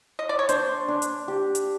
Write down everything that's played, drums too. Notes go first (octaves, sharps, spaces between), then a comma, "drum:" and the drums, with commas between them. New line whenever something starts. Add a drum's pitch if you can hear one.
D#5
D5
C#5
D4 C5, drum: hi-hat
D4
drum: hi-hat
G4
drum: hi-hat